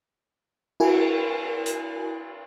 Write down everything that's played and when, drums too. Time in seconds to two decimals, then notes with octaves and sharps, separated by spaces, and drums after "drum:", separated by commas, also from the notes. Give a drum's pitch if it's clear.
0.80 E4 F#4 A#4 G#5, drum: cymbal
1.66 drum: hi-hat